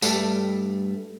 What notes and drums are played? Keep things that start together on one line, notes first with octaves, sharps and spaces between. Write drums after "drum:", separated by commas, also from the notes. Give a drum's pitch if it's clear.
G2 G3 A3, drum: tambourine